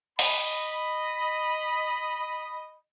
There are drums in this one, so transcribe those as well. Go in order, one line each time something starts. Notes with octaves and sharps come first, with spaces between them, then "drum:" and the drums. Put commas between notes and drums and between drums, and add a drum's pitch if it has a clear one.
D#5 B5, drum: open hi-hat